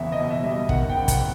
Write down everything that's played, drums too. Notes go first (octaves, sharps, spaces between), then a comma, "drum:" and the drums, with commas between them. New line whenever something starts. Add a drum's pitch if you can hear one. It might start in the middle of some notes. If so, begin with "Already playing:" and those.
Already playing: F#1 E2 B2 E5
D#5
B2
E5
G3
D#5
D#3 F#5, drum: kick
G5
F#1
F#5, drum: kick, hi-hat